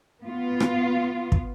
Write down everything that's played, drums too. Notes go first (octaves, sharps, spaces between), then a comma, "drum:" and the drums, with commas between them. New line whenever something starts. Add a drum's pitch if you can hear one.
B3 F4
drum: rim click
drum: kick